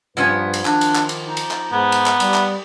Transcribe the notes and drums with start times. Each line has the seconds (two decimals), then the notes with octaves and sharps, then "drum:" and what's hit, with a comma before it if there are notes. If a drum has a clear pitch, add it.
0.17 G2 F3 B3 C#4 B4
0.54 drum: cymbal
0.65 D#3 D4, drum: clap
0.81 drum: cymbal
0.95 drum: clap
1.09 drum: cymbal
1.28 D#4
1.37 drum: cymbal
1.51 drum: clap
1.72 G#2 B3
1.92 drum: cymbal
2.06 drum: clap
2.20 G3, drum: cymbal
2.34 drum: clap